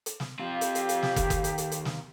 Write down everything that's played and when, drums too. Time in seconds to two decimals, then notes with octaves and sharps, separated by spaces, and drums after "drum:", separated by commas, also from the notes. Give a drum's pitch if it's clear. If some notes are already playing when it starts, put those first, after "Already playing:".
0.06 drum: hi-hat
0.20 drum: snare
0.39 C4 F4 G4 F5
0.61 drum: hi-hat
0.75 drum: hi-hat
0.89 drum: hi-hat
1.03 drum: snare
1.16 D#2, drum: kick, hi-hat
1.30 drum: kick, hi-hat
1.44 drum: hi-hat
1.58 drum: hi-hat
1.72 drum: hi-hat
1.85 drum: snare